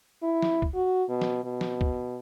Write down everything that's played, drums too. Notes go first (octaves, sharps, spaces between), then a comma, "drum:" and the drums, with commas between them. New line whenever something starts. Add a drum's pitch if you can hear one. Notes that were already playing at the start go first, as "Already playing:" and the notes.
E4
drum: snare
drum: kick
F#4
B2
drum: snare
B2
drum: snare
drum: kick